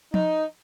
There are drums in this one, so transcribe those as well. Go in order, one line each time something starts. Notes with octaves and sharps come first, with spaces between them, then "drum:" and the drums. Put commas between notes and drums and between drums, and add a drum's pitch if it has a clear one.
D#4, drum: tom F3